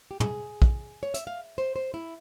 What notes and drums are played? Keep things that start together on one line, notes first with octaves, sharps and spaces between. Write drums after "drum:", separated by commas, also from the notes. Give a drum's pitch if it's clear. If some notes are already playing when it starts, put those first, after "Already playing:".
G4
G#4, drum: tom
drum: kick
C#5
E5, drum: hi-hat
F5
C5
C5
E4